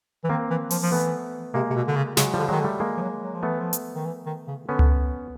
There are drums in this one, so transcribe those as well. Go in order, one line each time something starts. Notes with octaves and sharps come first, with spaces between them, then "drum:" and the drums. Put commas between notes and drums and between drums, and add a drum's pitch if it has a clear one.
E3
D#3 A#3 C4
E3
F3, drum: open hi-hat
F3
E3 A3 B3
C3 G#3 A#3
C3
B2
D3
C#3
C#3 F#3 G#3, drum: snare
F3 G3
D3
D#3 F#3 G#3
D3
G3 A3
G#3 A#3
F3
F#3
F#3
F3
E3 A3 B3
F3
drum: hi-hat
D#3
E3
D#3
C#3
D3 B3 C#4
drum: tom C#2